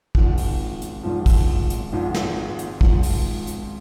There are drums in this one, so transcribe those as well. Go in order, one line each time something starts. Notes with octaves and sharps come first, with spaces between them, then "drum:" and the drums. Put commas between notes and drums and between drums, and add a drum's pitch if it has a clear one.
G#1 G#2 F3, drum: kick
drum: open hi-hat
drum: hi-hat
G#1 G#2 F3
drum: kick, open hi-hat
drum: hi-hat
G#1 G#2 F3
drum: snare
drum: hi-hat
G#1 G#2 F3, drum: kick
drum: open hi-hat
drum: hi-hat